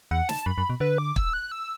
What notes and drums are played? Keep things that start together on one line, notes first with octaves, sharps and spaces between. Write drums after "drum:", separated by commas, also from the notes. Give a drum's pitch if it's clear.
E2 F#5
A5, drum: snare
F#2 B5
F#2
B2
D3 B4
D6
E6, drum: kick
F#6
E6